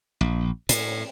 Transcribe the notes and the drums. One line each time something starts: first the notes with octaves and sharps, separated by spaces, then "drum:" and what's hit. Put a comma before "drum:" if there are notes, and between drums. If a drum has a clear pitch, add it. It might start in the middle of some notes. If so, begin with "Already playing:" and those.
A#1
A2, drum: hi-hat